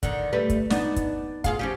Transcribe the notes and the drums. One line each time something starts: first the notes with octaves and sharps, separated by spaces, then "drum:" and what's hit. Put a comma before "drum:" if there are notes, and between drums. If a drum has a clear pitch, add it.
D3 D#3, drum: kick, hi-hat
G3 A3 B4
drum: kick, hi-hat
B3 D4 D#4, drum: snare
drum: kick, hi-hat
F4 G#4 F5, drum: kick, hi-hat
F3 C#4 G4